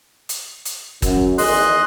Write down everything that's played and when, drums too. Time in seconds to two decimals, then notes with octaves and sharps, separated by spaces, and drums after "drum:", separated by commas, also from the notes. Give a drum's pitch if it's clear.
0.29 drum: hi-hat
0.65 drum: hi-hat
1.02 F#2, drum: kick, hi-hat
1.38 E2 D#3 G#4 D#5 C6 F#6, drum: open hi-hat